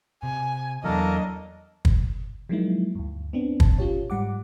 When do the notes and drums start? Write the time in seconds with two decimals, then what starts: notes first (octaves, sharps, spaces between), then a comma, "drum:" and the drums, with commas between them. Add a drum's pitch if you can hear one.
0.23 C3 G#5
0.84 E2 E3 F#3 A#3 D4 A4 A#4 D#5
1.85 drum: kick
2.49 F3 F#3 G#3 A#3 D#4 E4
2.95 D2 G2
3.33 B3 C4 D4
3.60 B1 A5, drum: kick
3.78 C#4 F4 G4 C#5
4.10 G#2 G3 F#5 D6